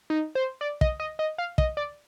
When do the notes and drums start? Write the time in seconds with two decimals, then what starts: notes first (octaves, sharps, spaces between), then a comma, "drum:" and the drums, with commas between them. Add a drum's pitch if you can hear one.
0.10 D#4
0.35 C5
0.61 D5
0.81 D#5, drum: kick
1.00 D#5
1.19 D#5
1.38 F5
1.58 D#5, drum: kick
1.77 D5